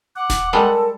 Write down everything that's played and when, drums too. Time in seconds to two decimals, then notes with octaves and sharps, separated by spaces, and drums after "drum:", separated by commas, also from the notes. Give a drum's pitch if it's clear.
0.16 F#5 D6
0.30 drum: snare D#1
0.53 G3 G#3 A4 A#4 A5